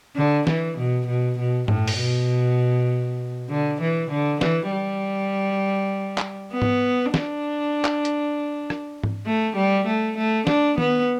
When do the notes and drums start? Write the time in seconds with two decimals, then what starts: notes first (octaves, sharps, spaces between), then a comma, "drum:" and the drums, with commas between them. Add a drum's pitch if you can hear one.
0.16 D3
0.47 E3, drum: snare
0.77 B2
1.07 B2
1.38 B2
1.68 A2, drum: tom G2
1.88 drum: open hi-hat
1.98 B2
3.49 D3
3.81 E3
4.10 D3
4.41 E3, drum: snare
4.71 G3
6.18 drum: clap
6.52 B3
6.62 drum: tom G#2
7.14 D4, drum: snare
7.85 drum: clap
8.05 drum: hi-hat
8.70 drum: rim click
9.03 drum: tom G#2
9.26 A3
9.56 G3
9.86 A3
10.17 A3
10.47 D4, drum: snare
10.78 B3, drum: tom D#3